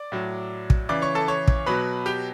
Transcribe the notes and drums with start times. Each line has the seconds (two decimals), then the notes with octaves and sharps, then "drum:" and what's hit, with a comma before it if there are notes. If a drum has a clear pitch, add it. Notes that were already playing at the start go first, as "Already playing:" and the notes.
Already playing: D5 D6
0.12 A2 F#3
0.70 drum: kick
0.89 C#3 E3 D5 D6
1.02 C#5 C#6
1.15 A4 A5
1.28 C#5 C#6
1.48 drum: kick
1.66 B2 F#3 B4 B5
2.06 G4 G5